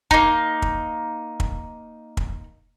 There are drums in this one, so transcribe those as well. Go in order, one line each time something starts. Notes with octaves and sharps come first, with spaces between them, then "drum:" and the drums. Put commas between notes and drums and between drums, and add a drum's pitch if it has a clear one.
A#3 D#4, drum: kick
drum: kick
drum: kick
drum: kick